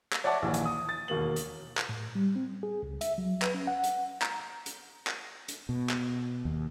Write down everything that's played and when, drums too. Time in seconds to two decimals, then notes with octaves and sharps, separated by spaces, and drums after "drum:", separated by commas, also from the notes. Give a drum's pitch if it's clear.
0.13 drum: clap
0.24 C#5 D5 E5 F#5 A5 D6
0.42 A#1 D#2 E3
0.54 drum: hi-hat
0.66 D#6
0.89 A6
1.08 E1 D#2 A#3 F#7
1.36 drum: hi-hat
1.77 drum: clap
1.89 A2
2.15 G3
2.36 C4
2.63 G#4
2.83 C#2
3.01 E5, drum: hi-hat
3.18 F#3
3.42 B4, drum: clap
3.54 C#4
3.67 F#5
3.83 drum: hi-hat
4.22 A#5, drum: clap
4.66 drum: hi-hat
5.07 drum: clap
5.48 drum: hi-hat
5.69 B2
5.90 drum: clap
6.45 D#2